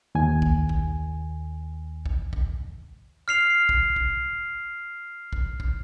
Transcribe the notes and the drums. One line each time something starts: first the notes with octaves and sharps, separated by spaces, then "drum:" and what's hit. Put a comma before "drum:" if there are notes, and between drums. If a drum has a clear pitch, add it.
D#2 G#5
drum: kick
drum: kick
drum: kick
drum: kick
F6 C7 F7
drum: kick
drum: kick
drum: kick
drum: kick